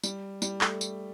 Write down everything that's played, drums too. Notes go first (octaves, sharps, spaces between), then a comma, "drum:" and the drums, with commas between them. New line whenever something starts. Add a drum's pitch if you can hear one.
G3, drum: tambourine
G3, drum: tambourine
A3, drum: clap
drum: tambourine